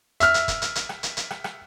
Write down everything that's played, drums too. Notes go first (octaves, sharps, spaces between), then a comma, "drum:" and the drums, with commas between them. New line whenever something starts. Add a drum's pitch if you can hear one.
E5 F6, drum: hi-hat
drum: hi-hat
drum: kick, hi-hat
drum: hi-hat
drum: hi-hat
drum: rim click
drum: hi-hat
drum: hi-hat
drum: rim click
drum: rim click